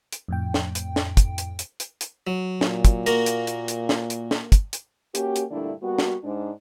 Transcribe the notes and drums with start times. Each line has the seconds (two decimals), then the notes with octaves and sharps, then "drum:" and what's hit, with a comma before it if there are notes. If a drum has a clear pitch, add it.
0.12 drum: hi-hat
0.28 F2 A2 G5
0.54 drum: snare
0.75 drum: hi-hat
0.96 drum: snare
1.17 drum: kick, hi-hat
1.38 drum: hi-hat
1.59 drum: hi-hat
1.80 drum: hi-hat
2.01 drum: hi-hat
2.27 F#3
2.61 A#2, drum: snare
2.85 drum: kick, hi-hat
3.06 A#3 F#4 A#4, drum: hi-hat
3.26 drum: hi-hat
3.47 drum: hi-hat
3.68 drum: hi-hat
3.89 drum: snare
4.10 drum: hi-hat
4.31 drum: snare
4.52 drum: kick, hi-hat
4.73 drum: hi-hat
5.15 A#3 C#4 F#4 G4, drum: hi-hat
5.36 drum: hi-hat
5.51 G2 A#2 D3 A3 D4 E4
5.83 G3 A#3 B3 F#4
5.98 drum: snare
6.24 G#2 D4